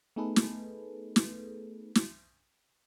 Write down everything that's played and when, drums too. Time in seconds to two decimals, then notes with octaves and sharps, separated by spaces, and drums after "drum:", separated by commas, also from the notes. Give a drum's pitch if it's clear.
0.16 A3 B3 D#4 G#4 A4 B4
0.36 drum: snare
1.16 drum: snare
1.95 drum: snare